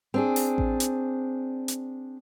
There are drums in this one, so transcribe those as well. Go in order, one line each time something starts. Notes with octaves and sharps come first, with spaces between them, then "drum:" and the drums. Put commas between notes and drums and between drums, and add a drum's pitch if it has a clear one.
C4 D4 G#4
drum: open hi-hat
drum: kick A1
drum: hi-hat
drum: hi-hat